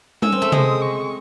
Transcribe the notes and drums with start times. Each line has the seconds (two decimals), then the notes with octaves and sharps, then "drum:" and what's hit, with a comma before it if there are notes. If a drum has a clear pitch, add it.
0.22 C#4 E6, drum: tom G3
0.32 C4
0.42 A3
0.52 G#3 D#6, drum: tom C3
0.82 C#6